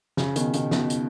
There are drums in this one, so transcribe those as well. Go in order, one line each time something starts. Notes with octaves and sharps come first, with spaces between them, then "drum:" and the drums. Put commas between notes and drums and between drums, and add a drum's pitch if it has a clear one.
C#3, drum: snare
B2 D#3, drum: hi-hat
B2 D#3, drum: hi-hat
B2 D#3, drum: snare
drum: hi-hat